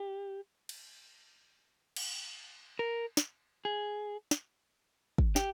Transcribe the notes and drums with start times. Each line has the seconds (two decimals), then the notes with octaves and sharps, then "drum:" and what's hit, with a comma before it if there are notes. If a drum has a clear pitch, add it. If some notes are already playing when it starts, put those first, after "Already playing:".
Already playing: G4
0.69 drum: cymbal
1.96 drum: cymbal
2.79 A#4
3.17 drum: snare
3.65 G#4
4.31 drum: snare
5.18 drum: kick
5.36 G4, drum: snare